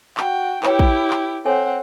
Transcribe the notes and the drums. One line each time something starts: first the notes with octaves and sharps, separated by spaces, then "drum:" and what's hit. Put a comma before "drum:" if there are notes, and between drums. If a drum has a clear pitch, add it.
F#4 G5, drum: clap
E4 G4 B4 C#5 G5, drum: clap
drum: kick
drum: clap
C4 A4 C#5 F#5 G#5